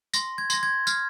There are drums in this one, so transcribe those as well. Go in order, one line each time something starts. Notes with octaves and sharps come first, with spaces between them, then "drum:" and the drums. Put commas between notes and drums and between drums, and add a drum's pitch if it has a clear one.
C6 A#6, drum: tambourine
G#6
C6 A#6, drum: tambourine
G#6
F6 G#6, drum: tambourine